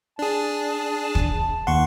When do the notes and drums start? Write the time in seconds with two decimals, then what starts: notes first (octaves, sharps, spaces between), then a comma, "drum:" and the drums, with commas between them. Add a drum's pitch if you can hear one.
0.19 D4 G#4 A5
1.15 drum: kick
1.67 D#2 F#5 C6 C#6